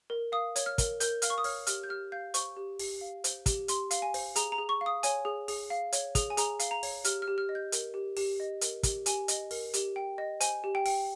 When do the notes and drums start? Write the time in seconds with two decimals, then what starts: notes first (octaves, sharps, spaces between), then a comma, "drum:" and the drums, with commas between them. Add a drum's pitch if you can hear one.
0.10 A#4
0.32 F5 D#6
0.56 C#5, drum: hi-hat
0.66 F6
0.78 A#4, drum: kick, hi-hat
1.00 A#4 G6, drum: hi-hat
1.22 F5 F6, drum: hi-hat
1.30 C#6
1.38 D#6
1.44 C#5 F6, drum: open hi-hat
1.67 G4 F6, drum: hi-hat
1.84 G6
1.89 G4 F6
2.12 F5 G6
2.34 C5 C#6, drum: hi-hat
2.57 G4
2.79 G4, drum: open hi-hat
3.01 F5
3.24 C5, drum: hi-hat
3.46 G4, drum: kick, hi-hat
3.68 G4 C6, drum: hi-hat
3.91 F5, drum: hi-hat
4.02 G#5
4.14 C5, drum: open hi-hat
4.36 G#4 A#5, drum: hi-hat
4.52 A#5
4.58 G#4
4.69 C#6
4.81 F5
4.86 D#6
5.03 C#5 G#5, drum: hi-hat
5.25 G#4
5.48 G#4, drum: open hi-hat
5.70 F5
5.92 C#5, drum: hi-hat
6.15 G#4, drum: kick, hi-hat
6.30 G#5
6.37 G#4 A#5, drum: hi-hat
6.59 F5, drum: hi-hat
6.71 A#5
6.83 C#5, drum: open hi-hat
7.04 G4 F6, drum: hi-hat
7.22 F6
7.28 G4
7.38 F6
7.49 D#5
7.55 G6
7.72 A#4, drum: hi-hat
7.94 G4
8.17 G4, drum: open hi-hat
8.40 D#5
8.61 A#4, drum: hi-hat
8.83 G4, drum: kick, hi-hat
9.06 G4 G#5, drum: hi-hat
9.28 D#5, drum: hi-hat
9.51 A#4, drum: open hi-hat
9.74 G4, drum: hi-hat
9.96 G5
10.18 D#5
10.41 C5 G#5, drum: hi-hat
10.64 G4
10.75 G5
10.86 G5, drum: open hi-hat